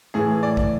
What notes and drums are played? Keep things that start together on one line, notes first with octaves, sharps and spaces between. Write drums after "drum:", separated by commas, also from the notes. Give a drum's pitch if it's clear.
A2 E3 G#4
D5
drum: kick